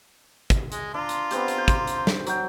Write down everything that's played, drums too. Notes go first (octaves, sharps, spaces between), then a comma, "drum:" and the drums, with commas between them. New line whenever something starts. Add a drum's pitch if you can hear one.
drum: kick, hi-hat
G#3, drum: hi-hat
D4 F4 A#5 C6
drum: hi-hat
B3 C4 G4, drum: hi-hat
drum: hi-hat
C5
drum: kick, hi-hat
drum: hi-hat
drum: snare
F#3 G5, drum: hi-hat